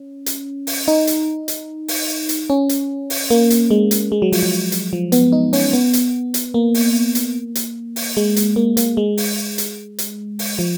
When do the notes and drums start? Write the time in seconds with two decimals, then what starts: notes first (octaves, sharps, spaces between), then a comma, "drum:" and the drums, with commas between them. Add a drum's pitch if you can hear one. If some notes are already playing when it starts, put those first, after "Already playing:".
Already playing: C#4
0.26 drum: hi-hat
0.67 drum: open hi-hat
0.88 D#4
1.07 drum: hi-hat
1.48 drum: hi-hat
1.88 drum: open hi-hat
2.29 drum: hi-hat
2.50 C#4
2.69 drum: hi-hat
3.10 drum: open hi-hat
3.30 A#3
3.50 drum: hi-hat
3.71 G#3
3.91 drum: hi-hat
4.12 G#3
4.22 F#3
4.32 F3, drum: open hi-hat
4.43 F#3
4.72 drum: hi-hat
4.93 F3
5.12 B3, drum: hi-hat
5.32 D#4
5.53 C#4, drum: open hi-hat
5.73 B3
5.93 drum: hi-hat
6.34 drum: hi-hat
6.54 A#3
6.74 drum: open hi-hat
7.15 drum: hi-hat
7.55 drum: hi-hat
7.96 drum: open hi-hat
8.17 G#3
8.36 drum: hi-hat
8.56 A#3
8.77 A#3, drum: hi-hat
8.97 G#3
9.17 drum: open hi-hat
9.58 drum: hi-hat
9.99 drum: hi-hat
10.39 drum: open hi-hat
10.59 F3